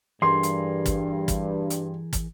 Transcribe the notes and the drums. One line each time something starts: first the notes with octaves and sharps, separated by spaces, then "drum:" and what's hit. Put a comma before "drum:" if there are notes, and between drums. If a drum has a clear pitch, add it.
G2 E3 G#4 A#4 C6
drum: hi-hat
drum: kick, hi-hat
drum: kick, hi-hat
drum: hi-hat
drum: kick, hi-hat